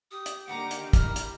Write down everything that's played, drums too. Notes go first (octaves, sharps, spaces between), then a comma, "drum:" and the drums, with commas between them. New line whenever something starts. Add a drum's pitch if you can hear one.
G4 D#6
drum: hi-hat
D3 D#3 A#3 F#5 A#5 D6
drum: hi-hat
E4 A#5 F6, drum: kick, hi-hat
drum: hi-hat